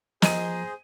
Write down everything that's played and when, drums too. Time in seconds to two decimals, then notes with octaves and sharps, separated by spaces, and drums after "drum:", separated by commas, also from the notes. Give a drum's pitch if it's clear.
0.22 F3 G#4 C5 D#5 A#5 D#7, drum: snare